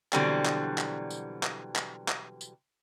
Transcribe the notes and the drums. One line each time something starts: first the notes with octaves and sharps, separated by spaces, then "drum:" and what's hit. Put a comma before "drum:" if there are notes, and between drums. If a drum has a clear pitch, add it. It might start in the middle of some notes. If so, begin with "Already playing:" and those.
B2 D3 E3 F#3 G3 C4, drum: clap
drum: clap
drum: clap
drum: tambourine
drum: clap
drum: clap
drum: clap
drum: tambourine